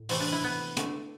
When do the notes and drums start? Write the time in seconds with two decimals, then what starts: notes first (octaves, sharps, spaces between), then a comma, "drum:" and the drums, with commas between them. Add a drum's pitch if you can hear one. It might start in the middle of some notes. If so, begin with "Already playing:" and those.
Already playing: A2
0.09 C3 E3 A3 C4, drum: open hi-hat
0.20 D4
0.32 E4
0.44 B3
0.77 D3 A3, drum: hi-hat